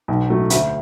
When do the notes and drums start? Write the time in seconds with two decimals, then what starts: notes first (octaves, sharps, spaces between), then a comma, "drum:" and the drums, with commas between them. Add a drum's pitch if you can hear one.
0.08 B1
0.30 A2 F#3 A3
0.50 D2, drum: hi-hat